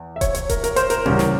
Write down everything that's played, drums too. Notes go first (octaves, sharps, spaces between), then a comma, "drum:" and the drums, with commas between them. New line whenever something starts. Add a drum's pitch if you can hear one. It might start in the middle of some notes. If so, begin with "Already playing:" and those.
Already playing: E2
E5
C#5, drum: kick D#1, hi-hat
C#5, drum: hi-hat
A#4, drum: kick D#1, hi-hat
A#4, drum: hi-hat
C5, drum: hi-hat
A#4, drum: hi-hat
E2 C#3 G3 C#4, drum: tom A2
drum: snare